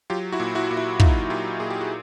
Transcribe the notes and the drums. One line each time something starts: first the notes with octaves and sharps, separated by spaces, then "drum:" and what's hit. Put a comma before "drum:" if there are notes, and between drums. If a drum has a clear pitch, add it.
F#3 F4 G4
E4 F#4
A#2
E4 F#4
A#2
E4
A#2 D#4 F4, drum: kick
A#2 F4 G4
A#2 G#4
G4
F#4